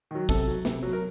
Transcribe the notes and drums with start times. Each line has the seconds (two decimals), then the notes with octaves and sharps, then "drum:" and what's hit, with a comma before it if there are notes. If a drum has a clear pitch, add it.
0.11 D#3 F#3
0.29 C3 A4, drum: kick, hi-hat
0.47 F#3
0.65 C3, drum: snare
0.83 F#3
0.93 A#4